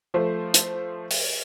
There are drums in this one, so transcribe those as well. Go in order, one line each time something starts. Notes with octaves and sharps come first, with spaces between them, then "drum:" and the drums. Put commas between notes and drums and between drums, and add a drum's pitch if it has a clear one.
F3 A3 C5
drum: hi-hat
drum: open hi-hat